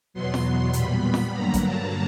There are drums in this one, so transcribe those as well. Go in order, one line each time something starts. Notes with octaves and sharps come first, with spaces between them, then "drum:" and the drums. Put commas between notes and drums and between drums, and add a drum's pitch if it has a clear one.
E2 B2 F#3 B3 C6
drum: snare
A#2 G3 B3 B5, drum: hi-hat
drum: snare
G2 D3 F#3 A#3 A#5
drum: kick A1, hi-hat
A5